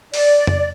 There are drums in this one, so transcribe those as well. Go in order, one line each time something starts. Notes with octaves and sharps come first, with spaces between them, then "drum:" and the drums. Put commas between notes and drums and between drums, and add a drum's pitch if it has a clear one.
D5, drum: open hi-hat
drum: tom F2